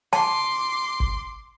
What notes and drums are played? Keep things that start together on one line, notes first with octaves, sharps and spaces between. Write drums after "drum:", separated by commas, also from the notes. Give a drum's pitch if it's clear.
A5 C6 D6, drum: hi-hat
drum: kick G#1